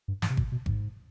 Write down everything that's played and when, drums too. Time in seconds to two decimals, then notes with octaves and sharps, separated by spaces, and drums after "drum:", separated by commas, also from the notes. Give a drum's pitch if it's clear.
0.08 G2
0.22 G#2, drum: snare
0.30 C3
0.37 B2, drum: kick G#1
0.52 B2
0.66 G#2, drum: kick G#1